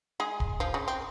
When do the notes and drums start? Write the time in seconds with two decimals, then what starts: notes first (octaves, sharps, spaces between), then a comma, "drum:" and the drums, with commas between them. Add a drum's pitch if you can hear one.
0.20 G#3 G#4
0.40 drum: kick
0.60 F3 F4
0.74 C#3 C#4
0.88 C4